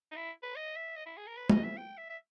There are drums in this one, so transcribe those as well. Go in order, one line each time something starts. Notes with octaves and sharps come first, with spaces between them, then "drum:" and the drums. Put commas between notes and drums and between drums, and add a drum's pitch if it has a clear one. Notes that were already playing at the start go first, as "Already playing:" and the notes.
D#4
E4
B4
D#5
E5
D#5
E4
G#4
A#4
B4
D#5, drum: tom
E5
G5
E5
E5